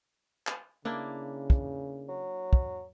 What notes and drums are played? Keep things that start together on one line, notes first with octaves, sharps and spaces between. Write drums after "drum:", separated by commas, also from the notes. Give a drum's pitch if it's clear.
drum: clap
C#3 A#3 D4 E4
drum: kick
F#3
drum: kick